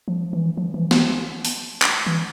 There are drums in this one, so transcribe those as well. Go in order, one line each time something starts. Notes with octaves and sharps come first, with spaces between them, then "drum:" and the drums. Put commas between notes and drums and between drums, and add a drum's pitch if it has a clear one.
F3
E3
F3
E3
E3, drum: snare
drum: open hi-hat
drum: clap
E3